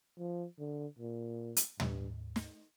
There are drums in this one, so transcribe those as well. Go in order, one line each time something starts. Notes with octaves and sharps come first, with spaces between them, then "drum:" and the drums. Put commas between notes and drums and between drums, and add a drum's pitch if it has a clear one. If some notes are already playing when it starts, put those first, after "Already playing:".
F3
D3
A#2
drum: hi-hat
G2, drum: tom
drum: snare